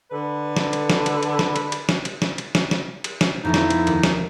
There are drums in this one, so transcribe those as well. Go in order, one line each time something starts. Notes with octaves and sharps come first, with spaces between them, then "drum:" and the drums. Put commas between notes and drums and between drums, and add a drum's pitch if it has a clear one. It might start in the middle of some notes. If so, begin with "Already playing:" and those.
D3 A4 B4
drum: snare
drum: cymbal
drum: snare
drum: cymbal
drum: cymbal
drum: snare
drum: cymbal
drum: cymbal
drum: snare
drum: cymbal
drum: snare
drum: cymbal
drum: snare
drum: snare
drum: cymbal
drum: snare
F2 E3 F3 A3 B3 D#4 E4
drum: snare
drum: cymbal
D#2, drum: cymbal
drum: snare